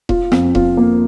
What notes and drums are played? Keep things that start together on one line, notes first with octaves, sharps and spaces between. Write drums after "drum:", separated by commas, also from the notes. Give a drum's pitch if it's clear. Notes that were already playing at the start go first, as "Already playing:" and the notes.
F4, drum: kick E1
F2, drum: rim click
F4, drum: kick E1
A#3